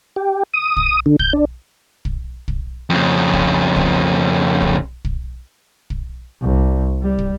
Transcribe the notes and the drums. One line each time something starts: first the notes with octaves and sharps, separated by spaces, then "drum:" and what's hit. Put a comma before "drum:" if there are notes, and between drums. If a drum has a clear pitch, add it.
G4
D#6
drum: kick
D3
G6, drum: kick
D4
drum: kick
drum: kick
F2 C#3
drum: kick
drum: kick
drum: kick
drum: kick
drum: kick
C2
G3
drum: kick